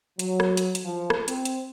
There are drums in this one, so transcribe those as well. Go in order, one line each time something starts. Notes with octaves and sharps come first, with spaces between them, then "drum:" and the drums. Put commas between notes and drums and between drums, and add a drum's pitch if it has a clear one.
F#3, drum: hi-hat
drum: rim click
drum: hi-hat
drum: hi-hat
F3
drum: rim click
C4, drum: hi-hat
drum: hi-hat